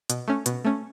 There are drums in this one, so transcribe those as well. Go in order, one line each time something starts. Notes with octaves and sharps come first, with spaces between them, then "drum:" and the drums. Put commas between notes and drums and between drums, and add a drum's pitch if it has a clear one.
B2, drum: hi-hat
A3 C#4
B2, drum: hi-hat
A3 C#4